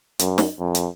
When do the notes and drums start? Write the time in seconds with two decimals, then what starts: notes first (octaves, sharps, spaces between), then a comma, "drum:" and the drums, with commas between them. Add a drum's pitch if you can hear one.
0.19 F#2, drum: hi-hat
0.38 drum: snare
0.59 F2
0.75 drum: hi-hat